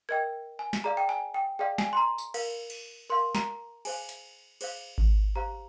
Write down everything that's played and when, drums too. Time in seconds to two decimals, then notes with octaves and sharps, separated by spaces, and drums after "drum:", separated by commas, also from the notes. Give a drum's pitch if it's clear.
0.09 A#4 D#5 G5 G#6
0.59 G#5
0.73 drum: snare
0.84 G#4 D5 F5 A#5
0.97 G5
1.09 G#5
1.34 G5
1.59 G#4 D5 F5 G5
1.78 G#5, drum: snare
1.93 C6
1.97 A#5
2.18 drum: tambourine
2.34 A#4 F5, drum: cymbal
2.70 drum: cymbal
3.10 A#4 F5 C6
3.35 A#5, drum: snare
3.85 G#4 C5 F5 G#5, drum: cymbal
4.09 drum: hi-hat
4.61 G#4 C5 F5, drum: cymbal
4.98 drum: kick G#1
5.36 G4 C5 F5 A#5